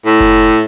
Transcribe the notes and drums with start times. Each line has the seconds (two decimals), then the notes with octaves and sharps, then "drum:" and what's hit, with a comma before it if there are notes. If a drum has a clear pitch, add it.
0.06 A2
0.20 drum: kick F#1